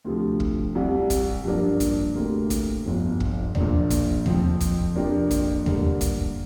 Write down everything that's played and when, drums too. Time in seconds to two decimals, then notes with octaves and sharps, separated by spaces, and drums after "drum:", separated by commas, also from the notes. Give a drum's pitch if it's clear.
0.05 D2 C3 F3
0.40 drum: kick
0.75 C2 C3 G3
1.10 drum: kick, hi-hat
1.45 G2 F3 A#3 D4
1.80 drum: kick, hi-hat
2.15 D2 C3 A#3
2.50 drum: kick, hi-hat
2.85 G1 F2 F3
3.20 drum: kick
3.55 A#1 A#2 A#3 D4, drum: tom D#2
3.90 drum: kick, hi-hat
4.26 F2 F3 C4, drum: tom D#2
4.60 drum: kick, hi-hat
4.96 F2 C3 F3 A#3 D4
5.31 drum: kick, hi-hat
5.66 G2 D3 A#3, drum: tom D#2
6.01 drum: kick, hi-hat